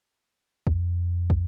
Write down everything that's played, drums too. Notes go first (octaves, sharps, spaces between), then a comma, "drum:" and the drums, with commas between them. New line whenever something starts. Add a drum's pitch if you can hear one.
F2, drum: kick
drum: kick